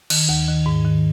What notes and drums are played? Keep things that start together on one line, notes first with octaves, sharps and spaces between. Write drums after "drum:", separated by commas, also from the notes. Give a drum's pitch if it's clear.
D#3, drum: cymbal
D#2
D#3
G#2
D#3